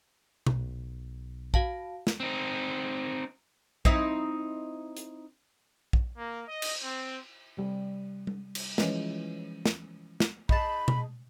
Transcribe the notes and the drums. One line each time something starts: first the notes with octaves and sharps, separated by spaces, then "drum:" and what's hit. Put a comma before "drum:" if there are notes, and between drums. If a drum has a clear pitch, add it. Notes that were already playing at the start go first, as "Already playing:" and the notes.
B1, drum: tom B2
F#4 F5 A5, drum: kick A#1
drum: snare
C4 D#4
C4 D#4 E4, drum: kick A#1
drum: hi-hat
drum: kick A#1
A#3
D#5
drum: cymbal
C4
C3 G3
drum: tom G3
drum: cymbal
E3 F3 G#3 C#4, drum: snare
drum: snare
drum: snare
D#4 G#4 A5 B5, drum: kick A#1
drum: tom B2